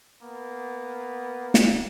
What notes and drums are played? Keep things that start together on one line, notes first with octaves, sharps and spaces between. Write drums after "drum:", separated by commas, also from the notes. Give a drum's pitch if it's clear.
A#3 B3
drum: snare